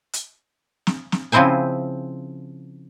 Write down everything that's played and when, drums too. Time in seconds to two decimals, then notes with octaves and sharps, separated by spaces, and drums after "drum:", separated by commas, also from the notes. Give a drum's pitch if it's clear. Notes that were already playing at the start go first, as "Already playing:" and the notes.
0.13 drum: hi-hat
0.87 drum: snare
1.12 drum: snare
1.32 C#3 F3 C4 E4 C5 G#5